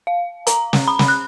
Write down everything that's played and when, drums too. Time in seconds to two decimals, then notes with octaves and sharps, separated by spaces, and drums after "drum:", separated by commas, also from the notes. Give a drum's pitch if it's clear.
0.07 F5
0.47 A#5, drum: hi-hat
0.73 drum: snare
0.88 B5
0.99 drum: snare
1.08 F#6